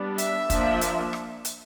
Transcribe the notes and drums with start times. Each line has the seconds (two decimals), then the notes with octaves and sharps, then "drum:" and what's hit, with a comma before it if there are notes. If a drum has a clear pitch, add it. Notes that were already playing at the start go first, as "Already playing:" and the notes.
Already playing: G3 B3 D4
0.18 E5, drum: hi-hat
0.50 F3 A#3 D4, drum: kick, hi-hat
0.81 drum: hi-hat
1.13 drum: rim click
1.45 drum: hi-hat